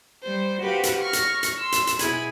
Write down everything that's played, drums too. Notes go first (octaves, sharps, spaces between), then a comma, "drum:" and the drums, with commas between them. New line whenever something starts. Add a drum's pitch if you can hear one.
G3 C5
F#4 G4 B4 C5 F5
drum: hi-hat
C#6 F6 A#6
drum: hi-hat
drum: hi-hat
C6 E6
drum: hi-hat
drum: hi-hat
B2 E4 G#4 G#5 B5 A6, drum: hi-hat